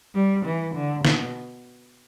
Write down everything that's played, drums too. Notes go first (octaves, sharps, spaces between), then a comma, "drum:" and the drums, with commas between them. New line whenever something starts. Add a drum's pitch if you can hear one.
G3
E3
D3
B2, drum: snare